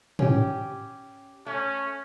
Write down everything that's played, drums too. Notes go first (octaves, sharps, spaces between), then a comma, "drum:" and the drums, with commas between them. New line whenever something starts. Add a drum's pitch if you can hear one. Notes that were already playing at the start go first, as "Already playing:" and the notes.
C#4 G4, drum: tom G#2
A3 C#4